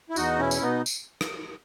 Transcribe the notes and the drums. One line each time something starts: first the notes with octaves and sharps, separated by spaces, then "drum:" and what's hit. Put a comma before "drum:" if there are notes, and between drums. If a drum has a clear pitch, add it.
E4
E2 D#4 F#4, drum: tambourine
B2 C#4 E4
drum: tambourine
B2 B3 D#4
drum: tambourine
drum: rim click